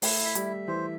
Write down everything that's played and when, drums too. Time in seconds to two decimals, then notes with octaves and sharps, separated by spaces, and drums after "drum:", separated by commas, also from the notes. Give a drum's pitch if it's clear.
0.02 A3 E4, drum: open hi-hat
0.25 E5
0.35 G3, drum: hi-hat
0.46 E5
0.67 E3 C5